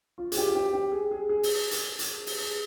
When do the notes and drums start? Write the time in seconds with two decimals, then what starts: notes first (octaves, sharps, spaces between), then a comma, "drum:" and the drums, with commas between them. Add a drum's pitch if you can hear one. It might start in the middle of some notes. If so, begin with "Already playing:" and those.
0.18 F4
0.32 G#4, drum: hi-hat
0.37 G4
0.48 F4
0.55 G4
0.73 G4
0.92 G#4
1.11 G#4
1.29 G#4
1.43 drum: open hi-hat
1.71 drum: hi-hat
1.99 drum: hi-hat
2.27 drum: open hi-hat
2.41 G#4